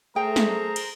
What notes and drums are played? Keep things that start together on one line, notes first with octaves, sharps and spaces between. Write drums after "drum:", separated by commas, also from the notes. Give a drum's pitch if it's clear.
A3 G#4 A#4 C5 G5 A#5
drum: snare
drum: cymbal